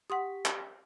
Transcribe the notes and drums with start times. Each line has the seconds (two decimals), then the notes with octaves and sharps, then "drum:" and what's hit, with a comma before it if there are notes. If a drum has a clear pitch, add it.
0.10 G4 F#5 C6 D#6 B6
0.45 drum: clap